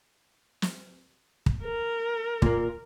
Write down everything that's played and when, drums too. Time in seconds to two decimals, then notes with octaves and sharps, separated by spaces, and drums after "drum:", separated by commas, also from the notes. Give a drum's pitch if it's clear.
0.62 drum: snare
1.46 drum: kick
1.63 A#4
2.42 A#2 A#3, drum: kick